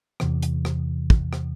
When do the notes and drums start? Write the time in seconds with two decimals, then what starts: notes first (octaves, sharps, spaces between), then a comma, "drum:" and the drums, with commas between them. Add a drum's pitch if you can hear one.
0.20 E2 C3 E3, drum: rim click
0.42 drum: hi-hat
0.65 drum: rim click
1.10 drum: kick
1.33 drum: rim click